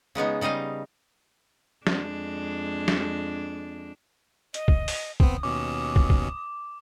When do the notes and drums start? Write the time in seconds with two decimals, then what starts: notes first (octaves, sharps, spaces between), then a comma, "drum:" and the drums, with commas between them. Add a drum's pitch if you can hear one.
0.15 C#3 G#3 B3 D#4
0.41 C#3 G3 D#4 D#5 F5
1.87 F2 G#3 D4, drum: snare
2.88 drum: snare
4.54 D#5, drum: hi-hat
4.68 drum: kick
4.88 drum: open hi-hat
5.20 B3 C4 D#6, drum: kick
5.43 D#2 B2 C#4 D6
5.96 drum: kick
6.10 drum: kick